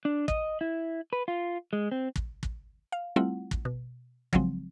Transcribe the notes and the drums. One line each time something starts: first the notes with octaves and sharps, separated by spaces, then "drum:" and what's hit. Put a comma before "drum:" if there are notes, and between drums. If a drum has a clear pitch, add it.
D4
D#5, drum: kick
E4
B4
F4
G#3
C4
drum: kick
drum: kick
F5
G3 A3 C4 E4 F4 F#5
drum: kick
B2
C#3 F3 F#3 G#3 C4, drum: kick